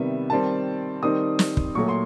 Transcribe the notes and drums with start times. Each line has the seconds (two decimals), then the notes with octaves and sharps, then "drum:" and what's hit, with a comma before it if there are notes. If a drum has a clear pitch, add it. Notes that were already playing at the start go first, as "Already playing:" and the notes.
Already playing: C3 D#3 G3 B3 E5
0.30 D#3 G3 C4 A5
1.02 D#3 G3 C4 D#4 D#6
1.39 drum: snare
1.57 drum: kick
1.75 A#2 F#3 A3 C#6
1.89 C6